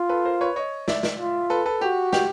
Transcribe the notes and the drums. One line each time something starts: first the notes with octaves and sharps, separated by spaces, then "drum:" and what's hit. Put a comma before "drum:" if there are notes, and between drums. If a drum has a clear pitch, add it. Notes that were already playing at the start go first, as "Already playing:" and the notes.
Already playing: F4
A4 B4
A#4 C5
B4 C#5
C#5 D#5
D5 E5, drum: snare
drum: snare
F4
A4 B4
A4 B4
F#4 G4
G4, drum: snare